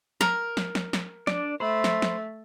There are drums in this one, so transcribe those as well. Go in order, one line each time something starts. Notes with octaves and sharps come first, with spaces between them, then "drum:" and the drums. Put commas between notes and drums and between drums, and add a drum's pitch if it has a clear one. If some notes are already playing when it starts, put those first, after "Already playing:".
A#4, drum: snare
drum: snare
drum: snare
drum: snare
D4 D5, drum: snare
A3 C5 B5
drum: snare
drum: snare